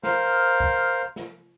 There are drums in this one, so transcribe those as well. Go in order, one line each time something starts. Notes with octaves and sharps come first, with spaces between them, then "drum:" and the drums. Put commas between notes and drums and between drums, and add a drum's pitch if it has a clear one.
A#4 C5 F5, drum: snare
drum: kick
drum: snare